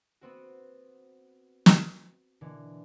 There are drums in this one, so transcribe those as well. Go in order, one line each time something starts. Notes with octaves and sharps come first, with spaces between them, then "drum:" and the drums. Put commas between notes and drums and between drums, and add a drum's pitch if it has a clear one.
B3 C4 F#4
drum: snare
B2 D3 E3 A#3